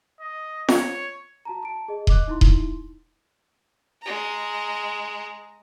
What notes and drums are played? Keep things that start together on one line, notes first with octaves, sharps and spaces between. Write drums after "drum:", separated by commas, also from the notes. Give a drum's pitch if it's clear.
D#5
C#5, drum: snare F4
F#4 A5 A#5
A5 D7
G#4 D#5
D#5 D6 F#6, drum: kick D#1
D#4 E4 C6
drum: kick D#1
G#3 A#5